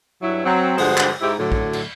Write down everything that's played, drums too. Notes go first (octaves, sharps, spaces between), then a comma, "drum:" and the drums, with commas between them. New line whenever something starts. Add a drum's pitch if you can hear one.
G2 F#3 E4
F#3 C4
G2 D3 F3 G#3 F#4 C5, drum: open hi-hat
drum: clap
G#2 E4 G4
A2 D3 F#3
drum: kick
drum: cymbal